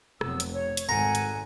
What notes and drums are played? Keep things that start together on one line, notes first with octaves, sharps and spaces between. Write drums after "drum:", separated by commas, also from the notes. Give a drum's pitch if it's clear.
F1 F#3 B3 E6, drum: rim click
drum: hi-hat
C#5
drum: hi-hat
G#1 A4 F#5 G#5 A#5
drum: hi-hat